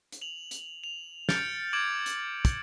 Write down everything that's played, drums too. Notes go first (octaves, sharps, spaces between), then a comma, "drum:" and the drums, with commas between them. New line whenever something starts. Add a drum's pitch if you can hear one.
drum: hi-hat
F7 F#7
drum: hi-hat
F7
F6 G6 A6 C#7 D7, drum: snare
D6 G#6 D7 F#7
drum: hi-hat
drum: kick, hi-hat